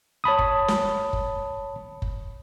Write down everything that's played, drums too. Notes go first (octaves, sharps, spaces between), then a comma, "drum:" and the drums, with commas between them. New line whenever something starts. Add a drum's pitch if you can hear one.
C#5 A5 B5 D#6
drum: kick F#1
drum: snare
drum: kick F#1
drum: kick F#1